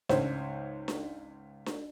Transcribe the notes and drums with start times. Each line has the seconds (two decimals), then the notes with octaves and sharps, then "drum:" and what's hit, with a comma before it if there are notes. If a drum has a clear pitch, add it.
0.09 C#2 G#2 C5 C#5, drum: snare D4
0.88 drum: snare D4
1.66 drum: snare D4